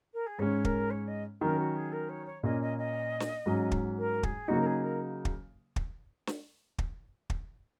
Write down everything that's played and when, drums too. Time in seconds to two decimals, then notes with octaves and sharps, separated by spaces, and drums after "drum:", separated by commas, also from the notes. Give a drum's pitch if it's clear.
0.13 A#4
0.26 G#4
0.39 G#2 G#3 C#4 C#5
0.65 A#4, drum: kick
0.90 C#5
1.07 D#5
1.41 D#3 F#3 C#4 A#4
1.59 F#4
1.76 G#4
1.92 A#4
2.09 C#5
2.26 C#5
2.43 A#2 A#3 C#4 D#5
2.61 D#5
2.78 D#5
3.20 drum: snare
3.46 G#2 F#3 C#4
3.71 drum: kick
3.98 A#4
4.23 G#4, drum: kick
4.48 C#3 F#3 A#3 D#4 F#4
4.60 A#4
4.66 G#4
4.83 A#4
5.25 drum: kick
5.76 drum: kick
6.27 drum: snare
6.78 drum: kick
7.30 drum: kick